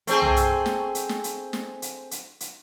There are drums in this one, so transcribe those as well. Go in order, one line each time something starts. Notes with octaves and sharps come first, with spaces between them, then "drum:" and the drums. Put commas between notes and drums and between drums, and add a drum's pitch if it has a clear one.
A3 C4 G#4, drum: hi-hat
drum: tom
drum: hi-hat
drum: snare
drum: hi-hat
drum: snare
drum: hi-hat
drum: snare
drum: hi-hat
drum: hi-hat
drum: hi-hat